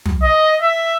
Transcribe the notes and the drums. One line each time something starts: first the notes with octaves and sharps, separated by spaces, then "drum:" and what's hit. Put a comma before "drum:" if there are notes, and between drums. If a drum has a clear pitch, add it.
drum: tom
D#5
E5